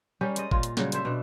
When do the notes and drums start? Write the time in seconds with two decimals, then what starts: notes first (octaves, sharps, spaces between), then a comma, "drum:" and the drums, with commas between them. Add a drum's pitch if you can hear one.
0.21 G3 C#4 G4 A#4
0.36 G#3 D5 D#5, drum: hi-hat
0.51 A#2 F4, drum: kick G1
0.63 drum: hi-hat
0.77 C#3 F#3 G3, drum: snare
0.92 C4 A4 C5 E5, drum: hi-hat
1.05 B2 D4